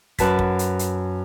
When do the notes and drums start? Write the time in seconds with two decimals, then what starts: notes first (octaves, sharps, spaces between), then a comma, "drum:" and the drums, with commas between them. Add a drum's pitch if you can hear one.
0.19 F#2 F#4 B4 A5 A6 B6, drum: kick, hi-hat
0.39 drum: kick
0.59 drum: hi-hat
0.79 drum: hi-hat